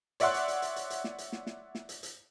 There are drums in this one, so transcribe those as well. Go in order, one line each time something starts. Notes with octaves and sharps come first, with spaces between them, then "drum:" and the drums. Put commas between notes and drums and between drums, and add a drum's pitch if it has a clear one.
C#5 D5 E5 F#5 C6 F#6, drum: hi-hat
drum: hi-hat
drum: hi-hat
drum: hi-hat
drum: hi-hat
drum: hi-hat
drum: snare
drum: hi-hat
drum: snare
drum: snare
drum: snare
drum: hi-hat
drum: hi-hat